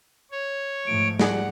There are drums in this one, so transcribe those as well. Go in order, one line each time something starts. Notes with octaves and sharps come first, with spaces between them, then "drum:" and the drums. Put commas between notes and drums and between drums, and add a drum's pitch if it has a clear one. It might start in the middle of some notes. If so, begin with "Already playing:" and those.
C#5
G#2 F3 A3 D7
G3 G#4 D5 F#5, drum: snare